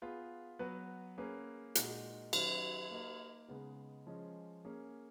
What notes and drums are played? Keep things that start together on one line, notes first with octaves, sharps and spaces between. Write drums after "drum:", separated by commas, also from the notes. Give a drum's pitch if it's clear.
B3 F4 G#4 B4
F#3 B3 F#4 B4
A#3 C#4 G#4 B4
A#2 G#3 D#4 F#4, drum: hi-hat
D#3 F#3 C#4 F#4 C#5, drum: cymbal
A#3 D#4 A#4
C#3 G#3 B3 D#4
F3 G#3 C#4 G#4 D#5
A#3 C#4 G#4